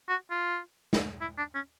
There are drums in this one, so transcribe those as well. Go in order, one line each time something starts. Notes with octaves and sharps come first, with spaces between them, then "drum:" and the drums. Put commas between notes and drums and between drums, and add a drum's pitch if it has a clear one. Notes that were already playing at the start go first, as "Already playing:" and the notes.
F#4
F4
drum: snare
E4
D4
C#4